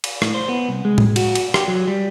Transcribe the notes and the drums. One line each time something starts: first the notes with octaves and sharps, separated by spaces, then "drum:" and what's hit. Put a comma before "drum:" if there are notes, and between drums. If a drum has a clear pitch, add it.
drum: cymbal
A2, drum: rim click
C5
B3
C2
G#3
drum: tom A2
F#4, drum: cymbal
drum: cymbal
G4, drum: rim click
F#3
G3